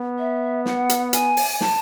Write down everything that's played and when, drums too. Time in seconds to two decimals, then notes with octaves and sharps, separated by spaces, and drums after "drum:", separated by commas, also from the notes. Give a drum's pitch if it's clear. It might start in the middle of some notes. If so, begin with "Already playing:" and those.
Already playing: B3
0.19 E5
0.65 F#5, drum: snare
0.89 drum: hi-hat
1.13 G#5, drum: hi-hat
1.37 drum: open hi-hat
1.61 A5, drum: snare